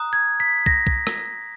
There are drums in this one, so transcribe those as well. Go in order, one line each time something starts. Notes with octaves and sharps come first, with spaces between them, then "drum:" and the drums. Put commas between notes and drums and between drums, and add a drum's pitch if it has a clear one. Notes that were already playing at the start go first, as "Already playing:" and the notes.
Already playing: A#5 D#6 F#6
G#6
B6
A#6, drum: kick
drum: kick
drum: rim click